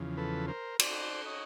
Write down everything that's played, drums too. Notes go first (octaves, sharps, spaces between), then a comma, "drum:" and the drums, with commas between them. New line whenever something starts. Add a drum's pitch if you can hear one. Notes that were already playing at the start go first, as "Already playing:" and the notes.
Already playing: E2 C#3 F3
A4 B4
A#4 C5
C5 D5, drum: cymbal
C#5 D#5